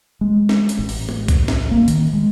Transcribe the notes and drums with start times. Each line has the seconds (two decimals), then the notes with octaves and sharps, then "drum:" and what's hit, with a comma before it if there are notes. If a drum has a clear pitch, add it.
0.21 G#3
0.49 drum: snare
0.69 drum: hi-hat
0.79 A1
0.89 drum: open hi-hat
1.09 drum: tom G#3
1.28 drum: kick C2, hi-hat
1.48 drum: snare
1.71 A#3
1.88 D#3, drum: hi-hat
2.13 G#3